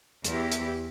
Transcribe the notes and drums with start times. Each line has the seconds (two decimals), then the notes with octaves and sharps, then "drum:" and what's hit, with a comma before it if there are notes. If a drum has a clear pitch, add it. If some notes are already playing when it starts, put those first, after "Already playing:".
0.24 E2 E4 G4, drum: hi-hat
0.52 drum: hi-hat